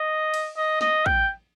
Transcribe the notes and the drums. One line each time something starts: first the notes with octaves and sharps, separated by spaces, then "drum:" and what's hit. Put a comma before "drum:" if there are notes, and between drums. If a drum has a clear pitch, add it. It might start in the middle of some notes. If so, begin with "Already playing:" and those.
Already playing: D#5
drum: cymbal
D#5
D#5, drum: snare
G5, drum: kick